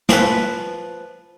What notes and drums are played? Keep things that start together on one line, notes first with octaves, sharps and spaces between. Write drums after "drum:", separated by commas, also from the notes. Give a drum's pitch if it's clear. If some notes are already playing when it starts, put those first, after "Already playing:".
F3 B4, drum: snare